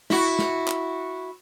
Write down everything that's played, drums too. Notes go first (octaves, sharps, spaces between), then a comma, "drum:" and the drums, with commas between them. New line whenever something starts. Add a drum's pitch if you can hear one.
E4 F#4, drum: snare
drum: snare
drum: clap